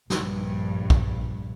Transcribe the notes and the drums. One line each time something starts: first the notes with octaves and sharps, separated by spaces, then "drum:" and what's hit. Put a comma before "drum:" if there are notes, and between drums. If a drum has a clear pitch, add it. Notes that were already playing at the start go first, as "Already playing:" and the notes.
A#1 G2, drum: snare
drum: kick